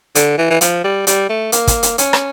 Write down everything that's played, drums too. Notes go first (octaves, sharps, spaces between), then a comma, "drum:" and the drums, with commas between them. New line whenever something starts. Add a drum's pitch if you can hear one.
D3, drum: hi-hat
E3
E3
F3, drum: hi-hat
G3
G3, drum: hi-hat
A3
A#3, drum: hi-hat
drum: kick, hi-hat
drum: hi-hat
C#4, drum: hi-hat
drum: rim click